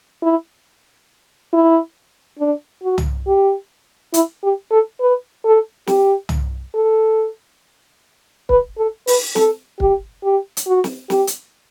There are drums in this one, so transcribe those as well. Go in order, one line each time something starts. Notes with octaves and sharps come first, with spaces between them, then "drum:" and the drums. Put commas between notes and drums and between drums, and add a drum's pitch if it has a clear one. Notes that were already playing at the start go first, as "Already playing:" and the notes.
E4
E4
D4
F#4
drum: tom
G4
E4, drum: hi-hat
G4
A4
B4
A4
G4, drum: snare
drum: tom
A4
B4, drum: kick
A4
B4, drum: open hi-hat
A4, drum: snare
G4, drum: kick
G4
drum: hi-hat
F#4
drum: snare
G4, drum: snare
drum: hi-hat